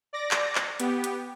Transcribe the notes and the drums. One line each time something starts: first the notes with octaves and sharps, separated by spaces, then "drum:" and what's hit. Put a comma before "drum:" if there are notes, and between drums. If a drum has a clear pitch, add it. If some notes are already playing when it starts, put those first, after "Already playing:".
D5 D6 A#6
drum: clap
drum: clap
B3 G4, drum: hi-hat
drum: hi-hat